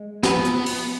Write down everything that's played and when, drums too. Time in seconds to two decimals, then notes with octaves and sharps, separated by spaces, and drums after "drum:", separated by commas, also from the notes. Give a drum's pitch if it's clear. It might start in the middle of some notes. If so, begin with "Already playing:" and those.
Already playing: G#3
0.23 F3 B3, drum: snare
0.45 drum: hi-hat
0.66 drum: open hi-hat